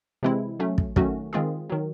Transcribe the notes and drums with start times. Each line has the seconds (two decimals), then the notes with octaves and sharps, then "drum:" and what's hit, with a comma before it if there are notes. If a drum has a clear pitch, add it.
0.23 C3 E3 G#3 C4 E4
0.60 F#3 A3 C#4
0.78 drum: kick
0.96 D#3 F#3 A3 C#4 F#4, drum: kick
1.33 D#3 G#3 C4 F4 G#4
1.70 D#3 F#3